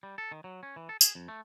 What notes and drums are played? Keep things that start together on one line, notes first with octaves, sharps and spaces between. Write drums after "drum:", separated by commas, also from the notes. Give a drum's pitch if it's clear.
G3
A4
D#3
F#3
C#4
E3
A4
G#4, drum: tambourine
F2
A3